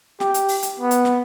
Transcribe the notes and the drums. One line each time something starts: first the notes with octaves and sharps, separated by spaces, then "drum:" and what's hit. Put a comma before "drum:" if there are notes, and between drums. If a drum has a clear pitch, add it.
G4, drum: snare
drum: hi-hat
drum: open hi-hat
drum: hi-hat
B3
drum: hi-hat
drum: snare